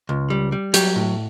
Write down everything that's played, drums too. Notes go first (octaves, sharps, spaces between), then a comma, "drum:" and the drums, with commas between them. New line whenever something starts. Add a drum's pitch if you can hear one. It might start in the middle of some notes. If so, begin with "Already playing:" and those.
C#2
G3
G3
F#3 G4, drum: hi-hat
A2